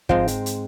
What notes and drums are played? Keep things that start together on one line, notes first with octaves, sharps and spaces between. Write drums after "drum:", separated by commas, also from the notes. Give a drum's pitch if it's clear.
G#2 F3 G#3 C4, drum: kick
drum: hi-hat
drum: hi-hat